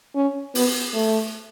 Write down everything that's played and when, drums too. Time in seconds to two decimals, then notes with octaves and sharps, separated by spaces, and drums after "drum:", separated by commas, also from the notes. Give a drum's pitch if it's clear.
0.15 C#4
0.55 B3, drum: open hi-hat
0.94 A3